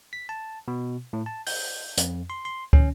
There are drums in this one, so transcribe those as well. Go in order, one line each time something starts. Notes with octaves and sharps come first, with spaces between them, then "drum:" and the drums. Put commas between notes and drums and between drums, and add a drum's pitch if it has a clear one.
B6
A5
B2
A2
A5
G6, drum: open hi-hat
F2, drum: hi-hat
C6
C6
C#4, drum: kick